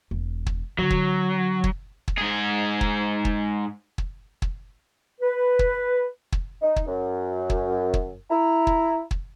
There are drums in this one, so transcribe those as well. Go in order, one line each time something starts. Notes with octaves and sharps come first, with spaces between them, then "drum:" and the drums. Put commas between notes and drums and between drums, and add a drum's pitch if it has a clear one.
E1
drum: kick
D3 F#3 D4
drum: kick
drum: kick
drum: kick
G#2 G#4
drum: kick
drum: kick
drum: kick
drum: kick
B4
drum: kick
drum: kick
D#4
drum: kick
F#2
drum: kick
drum: kick
E4 A#5
drum: kick
drum: kick